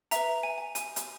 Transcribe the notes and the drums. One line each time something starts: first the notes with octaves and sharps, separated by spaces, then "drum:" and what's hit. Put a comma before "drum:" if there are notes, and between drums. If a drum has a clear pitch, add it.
B4 E5 A#5, drum: hi-hat
G#5
G#5
G#5, drum: hi-hat
drum: hi-hat